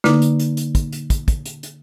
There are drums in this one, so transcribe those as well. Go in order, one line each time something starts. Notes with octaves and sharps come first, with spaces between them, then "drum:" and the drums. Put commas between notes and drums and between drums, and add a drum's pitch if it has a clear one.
D3 A#3 D#4 B4 D6, drum: snare
drum: hi-hat
drum: hi-hat
drum: hi-hat
drum: kick, hi-hat
drum: hi-hat
drum: kick, hi-hat
drum: kick, hi-hat
drum: hi-hat
drum: hi-hat